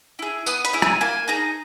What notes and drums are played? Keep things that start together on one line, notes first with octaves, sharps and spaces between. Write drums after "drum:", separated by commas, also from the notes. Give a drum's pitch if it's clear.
E4 G#4
B3 D#6, drum: tambourine
B5, drum: hi-hat
E4 G#4
G#5, drum: rim click
A#3 G#5
D#4 G#4 A#5